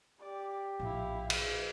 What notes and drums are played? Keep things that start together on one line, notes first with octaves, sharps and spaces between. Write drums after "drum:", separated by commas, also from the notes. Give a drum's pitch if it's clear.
G4 D5
A#1 A2 E4 F5
drum: cymbal